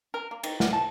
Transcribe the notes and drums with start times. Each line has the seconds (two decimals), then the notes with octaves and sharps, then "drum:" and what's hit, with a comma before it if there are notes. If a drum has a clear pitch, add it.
0.14 A#4
0.31 A#3
0.44 D#3, drum: cymbal
0.60 F#5, drum: snare
0.73 A5